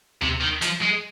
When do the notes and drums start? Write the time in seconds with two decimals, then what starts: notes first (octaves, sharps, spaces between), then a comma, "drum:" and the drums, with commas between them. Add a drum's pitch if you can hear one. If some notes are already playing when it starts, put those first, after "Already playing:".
0.22 C3, drum: tom D2
0.41 D#3
0.62 F3, drum: hi-hat
0.81 G#3